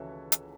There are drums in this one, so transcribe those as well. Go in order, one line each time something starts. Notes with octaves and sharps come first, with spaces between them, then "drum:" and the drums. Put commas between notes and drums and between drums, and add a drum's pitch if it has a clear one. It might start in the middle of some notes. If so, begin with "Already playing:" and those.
Already playing: C#2 C#3 E3 F#4 A4 C#5 E5
drum: hi-hat